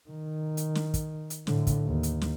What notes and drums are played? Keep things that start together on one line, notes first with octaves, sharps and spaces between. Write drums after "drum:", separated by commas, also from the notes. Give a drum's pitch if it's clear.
D#3
drum: hi-hat
drum: snare
drum: kick, hi-hat
drum: hi-hat
A2 D3, drum: snare
drum: kick, hi-hat
D#2
drum: hi-hat
drum: snare